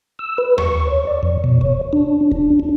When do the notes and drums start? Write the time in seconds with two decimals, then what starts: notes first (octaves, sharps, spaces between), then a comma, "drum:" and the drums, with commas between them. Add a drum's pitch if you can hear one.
0.19 E6
0.38 B4
0.58 C#6, drum: tom D#2
0.87 C#5
1.07 D5
1.23 F2
1.44 B2
1.61 C#5, drum: kick D#2
1.93 D4
2.32 D4, drum: kick D#2
2.60 D4